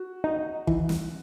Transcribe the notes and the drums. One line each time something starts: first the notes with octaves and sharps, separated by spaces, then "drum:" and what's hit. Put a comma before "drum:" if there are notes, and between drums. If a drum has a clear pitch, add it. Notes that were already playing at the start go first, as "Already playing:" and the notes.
Already playing: F#4
D#4
E3, drum: kick G1
drum: snare